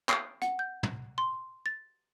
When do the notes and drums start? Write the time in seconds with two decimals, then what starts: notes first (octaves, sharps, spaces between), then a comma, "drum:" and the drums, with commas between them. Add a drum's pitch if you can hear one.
0.09 C7, drum: clap
0.42 F#5, drum: hi-hat
0.59 G6
0.83 drum: tom
1.18 C6
1.66 A6